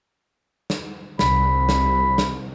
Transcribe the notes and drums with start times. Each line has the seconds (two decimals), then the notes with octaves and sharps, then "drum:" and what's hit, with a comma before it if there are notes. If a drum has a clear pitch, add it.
0.70 drum: snare
1.19 C2 B5, drum: snare
1.69 drum: snare
2.18 drum: snare